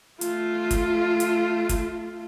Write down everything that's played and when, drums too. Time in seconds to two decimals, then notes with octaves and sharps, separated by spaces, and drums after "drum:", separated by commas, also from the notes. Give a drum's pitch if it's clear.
0.21 A3 F4, drum: hi-hat
0.71 drum: kick, hi-hat
1.20 drum: hi-hat
1.69 drum: kick, hi-hat